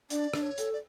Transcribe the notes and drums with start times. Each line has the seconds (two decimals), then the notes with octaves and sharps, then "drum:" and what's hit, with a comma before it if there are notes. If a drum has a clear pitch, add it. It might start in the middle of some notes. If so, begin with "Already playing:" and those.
0.10 D4 D5, drum: hi-hat
0.34 D4, drum: rim click
0.42 C#5
0.58 A4, drum: hi-hat
0.73 D5